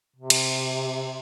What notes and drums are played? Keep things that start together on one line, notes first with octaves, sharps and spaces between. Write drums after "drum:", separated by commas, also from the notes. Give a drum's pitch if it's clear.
C3
drum: cymbal